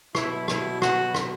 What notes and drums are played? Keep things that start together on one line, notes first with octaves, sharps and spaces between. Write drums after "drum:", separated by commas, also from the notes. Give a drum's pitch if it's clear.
B2 F#3 B3 E4, drum: rim click
E4, drum: rim click
F#4, drum: rim click
drum: rim click